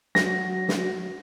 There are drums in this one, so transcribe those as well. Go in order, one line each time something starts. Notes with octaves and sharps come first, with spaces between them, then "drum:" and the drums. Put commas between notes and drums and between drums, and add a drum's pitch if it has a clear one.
F#3 A#6, drum: snare
drum: snare